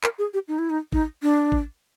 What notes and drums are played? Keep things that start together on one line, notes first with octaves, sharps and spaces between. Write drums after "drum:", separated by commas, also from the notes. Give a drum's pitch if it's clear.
A#4, drum: clap
G#4
G4
D#4
E4
D#4
D#4, drum: kick
D4
drum: kick